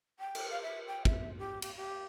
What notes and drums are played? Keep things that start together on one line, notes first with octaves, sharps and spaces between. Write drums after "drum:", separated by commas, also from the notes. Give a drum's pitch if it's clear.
G5
drum: cymbal
F5
E5
G5
E5, drum: kick
G4
G4, drum: cymbal
G4